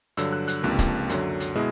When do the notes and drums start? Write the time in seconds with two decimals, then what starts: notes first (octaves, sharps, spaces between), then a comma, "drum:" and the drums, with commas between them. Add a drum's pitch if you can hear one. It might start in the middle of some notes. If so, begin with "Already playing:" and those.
0.17 G2 D3 F#3 E6, drum: hi-hat
0.33 F#6
0.48 F#6, drum: hi-hat
0.63 C#2 C3 F3 A#3 D4
0.79 drum: kick, hi-hat
1.09 F#2 D3 F#3, drum: hi-hat
1.40 drum: hi-hat
1.55 B2 G#3 E4